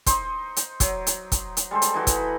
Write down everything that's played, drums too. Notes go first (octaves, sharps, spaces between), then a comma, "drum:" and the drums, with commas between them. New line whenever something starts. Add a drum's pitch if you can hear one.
D#4 C5, drum: kick, hi-hat
drum: hi-hat
F#3, drum: kick, hi-hat
drum: hi-hat
drum: kick, hi-hat
drum: hi-hat
G3 G#3 A4 C5
drum: hi-hat
E3 D#4 F#4
drum: kick, hi-hat
B5